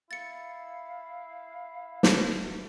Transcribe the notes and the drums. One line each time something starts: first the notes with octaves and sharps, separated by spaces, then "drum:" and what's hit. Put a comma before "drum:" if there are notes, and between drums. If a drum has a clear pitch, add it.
E4 F5 A6 C#7
drum: snare